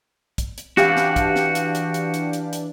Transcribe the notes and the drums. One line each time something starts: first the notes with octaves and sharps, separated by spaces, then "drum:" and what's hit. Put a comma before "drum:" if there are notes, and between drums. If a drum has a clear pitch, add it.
drum: kick, hi-hat
drum: hi-hat
E3 D4 F#4 G4 F5, drum: snare
drum: snare
drum: kick, hi-hat
drum: snare
drum: hi-hat
drum: hi-hat
drum: hi-hat
drum: hi-hat
drum: hi-hat
drum: hi-hat